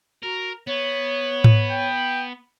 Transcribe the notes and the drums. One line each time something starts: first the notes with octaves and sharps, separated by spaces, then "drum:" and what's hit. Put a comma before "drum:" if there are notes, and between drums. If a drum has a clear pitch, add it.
F#4 A#4
B3 C#5
drum: tom G#2
G5